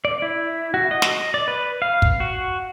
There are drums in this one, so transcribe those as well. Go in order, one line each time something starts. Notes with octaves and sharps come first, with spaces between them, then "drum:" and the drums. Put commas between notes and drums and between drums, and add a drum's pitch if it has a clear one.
D5
E4
F#4
D#5
drum: snare
D5
B4
F5
drum: kick
F#4